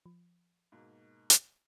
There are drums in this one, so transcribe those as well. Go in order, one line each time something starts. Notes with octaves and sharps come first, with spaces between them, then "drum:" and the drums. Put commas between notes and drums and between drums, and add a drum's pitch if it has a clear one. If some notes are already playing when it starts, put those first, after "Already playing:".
F3
G#2 B2 A#3
drum: hi-hat